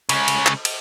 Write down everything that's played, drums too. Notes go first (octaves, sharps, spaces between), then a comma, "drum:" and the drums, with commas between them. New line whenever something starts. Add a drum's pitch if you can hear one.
C#3 G#3, drum: cymbal
drum: cymbal
drum: clap
drum: cymbal